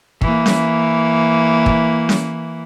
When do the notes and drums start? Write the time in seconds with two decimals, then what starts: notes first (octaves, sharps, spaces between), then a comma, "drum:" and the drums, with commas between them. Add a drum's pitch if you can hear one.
0.21 E3 A#3, drum: kick
0.46 drum: snare C#4
1.66 drum: kick
2.09 drum: snare C#4